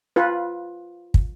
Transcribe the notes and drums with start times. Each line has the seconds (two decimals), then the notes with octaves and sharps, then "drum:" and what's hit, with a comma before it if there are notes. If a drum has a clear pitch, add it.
0.16 F4 B4
1.14 drum: kick